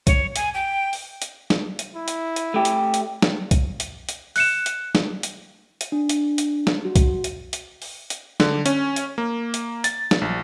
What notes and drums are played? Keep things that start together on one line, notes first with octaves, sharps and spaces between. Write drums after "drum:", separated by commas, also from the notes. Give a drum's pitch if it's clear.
C#5, drum: kick C2, hi-hat
G#5, drum: hi-hat
G5
drum: open hi-hat
drum: hi-hat
drum: snare
drum: hi-hat
E4
drum: hi-hat
drum: hi-hat
A3 G4
drum: hi-hat
drum: hi-hat
drum: snare
drum: kick C2, hi-hat
drum: hi-hat
drum: hi-hat
F#6 C#7 E7, drum: open hi-hat
drum: hi-hat
drum: snare
drum: hi-hat
drum: hi-hat
D4
drum: hi-hat
drum: hi-hat
drum: snare
F#4
drum: kick C2, hi-hat
drum: hi-hat
drum: hi-hat
drum: open hi-hat
drum: hi-hat
D3, drum: snare
C#4, drum: hi-hat
drum: hi-hat
A#3
drum: hi-hat
A6, drum: hi-hat
drum: snare
A#1